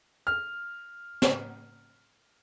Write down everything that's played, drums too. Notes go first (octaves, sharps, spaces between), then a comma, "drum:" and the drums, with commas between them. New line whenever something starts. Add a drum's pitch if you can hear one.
F6
drum: snare